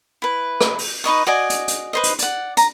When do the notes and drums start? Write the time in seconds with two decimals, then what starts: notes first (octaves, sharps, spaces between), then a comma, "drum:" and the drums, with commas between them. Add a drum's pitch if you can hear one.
0.22 E4 B4
0.61 drum: rim click
0.78 drum: open hi-hat
1.04 D#4 B4 D#5 C#6
1.27 F#4 D5 D#5 G#5
1.50 drum: hi-hat
1.68 drum: hi-hat
1.93 B4 C5 D#5
2.03 drum: hi-hat
2.19 D5 F#5, drum: hi-hat
2.57 A#5, drum: hi-hat